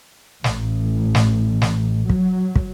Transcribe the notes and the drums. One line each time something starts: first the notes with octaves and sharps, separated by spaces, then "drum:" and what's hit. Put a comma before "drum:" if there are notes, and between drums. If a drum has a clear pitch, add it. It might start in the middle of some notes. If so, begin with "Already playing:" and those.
A1, drum: snare
drum: snare
drum: snare
F#3, drum: kick
drum: kick